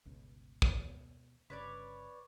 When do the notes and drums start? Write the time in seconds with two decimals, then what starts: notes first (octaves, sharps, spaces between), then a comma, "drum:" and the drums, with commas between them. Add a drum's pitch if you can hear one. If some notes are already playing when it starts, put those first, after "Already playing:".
0.05 G1 C#2 B2
0.62 drum: kick
0.74 B2
1.50 G1 G2 C#3 B4 C#5 D5